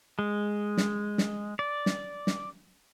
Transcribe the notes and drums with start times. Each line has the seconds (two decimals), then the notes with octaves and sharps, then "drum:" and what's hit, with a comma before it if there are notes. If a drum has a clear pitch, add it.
0.19 G#3
0.77 drum: snare
1.18 drum: snare
1.59 D5
1.86 drum: snare
2.27 drum: snare